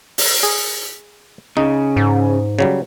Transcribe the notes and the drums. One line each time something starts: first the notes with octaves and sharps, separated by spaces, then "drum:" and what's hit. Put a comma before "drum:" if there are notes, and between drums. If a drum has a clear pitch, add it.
drum: open hi-hat
G#4
C#3 D#4
G#2
C#3 F#3 G3